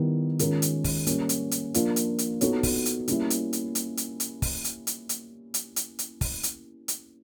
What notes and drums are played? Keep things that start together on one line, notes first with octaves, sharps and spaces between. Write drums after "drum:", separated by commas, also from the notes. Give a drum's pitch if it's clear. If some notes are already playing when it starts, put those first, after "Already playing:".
Already playing: D#3 G3 B3 E4
D#3 G#3 C#4 F4 A#4, drum: hi-hat
drum: hi-hat
drum: kick, open hi-hat
G3 A#3 C#4, drum: hi-hat
drum: hi-hat
drum: hi-hat
F3 A#3 D4 F4, drum: hi-hat
drum: hi-hat
drum: hi-hat
B3 D#4 F#4 A4 C#5, drum: hi-hat
drum: kick, open hi-hat
drum: hi-hat
G3 A#3 C#4 E4, drum: hi-hat
drum: hi-hat
drum: hi-hat
drum: hi-hat
drum: hi-hat
drum: hi-hat
drum: kick, open hi-hat
drum: hi-hat
drum: hi-hat
drum: hi-hat
drum: hi-hat
drum: hi-hat
drum: hi-hat
drum: kick, open hi-hat
drum: hi-hat
drum: hi-hat